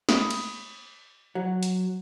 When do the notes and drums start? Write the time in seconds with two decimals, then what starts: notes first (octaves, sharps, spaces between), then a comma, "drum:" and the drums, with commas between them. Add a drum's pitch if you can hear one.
0.09 B5 D#6, drum: snare
0.30 drum: cymbal
1.35 F#3
1.63 drum: hi-hat